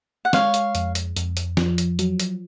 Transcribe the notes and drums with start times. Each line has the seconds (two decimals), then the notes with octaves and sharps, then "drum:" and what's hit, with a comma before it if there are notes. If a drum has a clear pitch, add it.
0.25 F#5
0.33 G#3 C#5 F5, drum: snare
0.54 drum: hi-hat
0.75 F2, drum: hi-hat
0.95 drum: hi-hat
1.16 F2, drum: hi-hat
1.37 drum: hi-hat
1.57 F3, drum: snare
1.78 drum: hi-hat
1.99 F#3, drum: hi-hat
2.20 drum: hi-hat